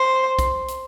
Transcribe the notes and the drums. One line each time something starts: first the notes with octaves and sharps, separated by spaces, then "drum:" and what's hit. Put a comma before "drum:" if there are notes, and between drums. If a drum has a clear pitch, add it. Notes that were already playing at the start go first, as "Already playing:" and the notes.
Already playing: C5
drum: kick B1, hi-hat
drum: hi-hat